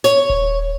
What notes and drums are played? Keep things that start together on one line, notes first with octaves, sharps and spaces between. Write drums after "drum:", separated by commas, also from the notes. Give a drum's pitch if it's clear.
C#5, drum: snare
drum: kick D#1